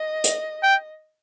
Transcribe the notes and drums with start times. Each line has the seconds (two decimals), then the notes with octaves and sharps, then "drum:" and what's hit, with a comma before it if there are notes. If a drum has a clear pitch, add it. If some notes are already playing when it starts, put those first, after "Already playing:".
Already playing: D#5
0.24 drum: hi-hat
0.63 G5